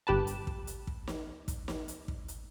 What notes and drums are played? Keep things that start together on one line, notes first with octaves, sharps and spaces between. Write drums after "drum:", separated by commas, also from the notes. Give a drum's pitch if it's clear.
G1 G4 B4 A5
drum: hi-hat
drum: kick
drum: hi-hat
drum: kick
drum: snare
drum: kick, hi-hat
drum: snare
drum: hi-hat
drum: kick
drum: hi-hat